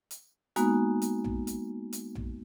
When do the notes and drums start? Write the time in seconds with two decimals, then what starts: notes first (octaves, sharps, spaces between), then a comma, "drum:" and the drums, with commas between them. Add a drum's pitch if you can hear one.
0.11 drum: hi-hat
0.56 G#3 A#3 B3 D#4 F#4, drum: hi-hat
1.02 drum: hi-hat
1.24 drum: tom A#1
1.47 drum: hi-hat
1.93 drum: hi-hat
2.15 drum: tom A#1